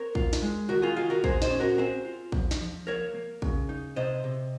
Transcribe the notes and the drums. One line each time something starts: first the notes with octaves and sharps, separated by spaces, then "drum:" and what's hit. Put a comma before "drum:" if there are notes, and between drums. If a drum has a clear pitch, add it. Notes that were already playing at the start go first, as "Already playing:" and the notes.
Already playing: C4 A#4 C#5
F4, drum: kick
drum: snare
G#3
D#3 F#4 A#4
F4 G#4
D#3 F4 G#4
F#4 A#4
A#2 G#4 C5, drum: kick
C5 D#5, drum: snare
C#4
F#4 A#4
C4 G#4 C5
F4
F3, drum: kick
drum: snare
F3
A#3 A#4 C#5
A#3
C#3, drum: kick
D#4
C3 C5 D#5
C3